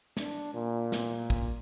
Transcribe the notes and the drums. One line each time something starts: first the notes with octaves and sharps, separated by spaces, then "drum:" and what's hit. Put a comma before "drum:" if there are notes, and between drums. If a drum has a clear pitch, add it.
D4, drum: snare
A#2
drum: snare
drum: kick